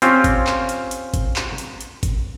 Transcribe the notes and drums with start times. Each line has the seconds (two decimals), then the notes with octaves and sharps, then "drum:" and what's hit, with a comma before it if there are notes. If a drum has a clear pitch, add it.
0.02 C4 C#4 F4 G4, drum: hi-hat
0.24 drum: kick G#1, hi-hat
0.47 drum: clap
0.69 drum: hi-hat
0.91 drum: hi-hat
1.14 drum: kick G#1, hi-hat
1.36 drum: clap
1.58 drum: hi-hat
1.81 drum: hi-hat
2.03 drum: kick G#1, hi-hat